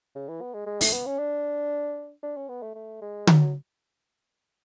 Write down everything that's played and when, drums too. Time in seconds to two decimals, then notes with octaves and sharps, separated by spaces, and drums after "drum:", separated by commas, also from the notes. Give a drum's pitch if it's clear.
0.15 C#3
0.28 E3
0.41 B3
0.54 G#3
0.66 G#3
0.81 A3, drum: open hi-hat
0.93 B3
1.06 C#4
1.19 D4
2.23 D4
2.37 C#4
2.49 B3
2.62 A3
2.75 A3
3.02 G#3
3.27 F#3, drum: tom D3